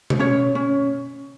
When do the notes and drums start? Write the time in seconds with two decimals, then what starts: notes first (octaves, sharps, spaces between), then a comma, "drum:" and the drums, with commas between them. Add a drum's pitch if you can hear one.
0.10 drum: tom B2
0.19 C#4 C#5
0.55 C#4